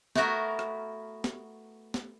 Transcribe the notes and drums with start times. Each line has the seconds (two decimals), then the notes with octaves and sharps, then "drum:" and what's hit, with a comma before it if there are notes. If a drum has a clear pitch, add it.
0.16 A3 B3 E4 F#4 A#4, drum: snare
0.59 drum: rim click
1.24 drum: snare
1.94 drum: snare